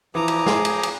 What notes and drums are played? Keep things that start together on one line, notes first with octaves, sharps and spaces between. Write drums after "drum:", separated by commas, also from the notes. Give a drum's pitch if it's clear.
E3 F3 A#5 D6 D#6
drum: cymbal
G#4, drum: snare
drum: cymbal
drum: cymbal